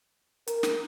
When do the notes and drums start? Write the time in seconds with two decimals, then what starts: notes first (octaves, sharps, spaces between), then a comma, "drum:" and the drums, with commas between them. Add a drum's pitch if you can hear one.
0.47 A#4, drum: hi-hat
0.63 drum: snare